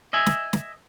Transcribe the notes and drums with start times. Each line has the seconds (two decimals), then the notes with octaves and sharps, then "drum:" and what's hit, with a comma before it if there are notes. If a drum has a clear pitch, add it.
0.13 D#5 E5 G#5
0.26 drum: snare
0.53 drum: snare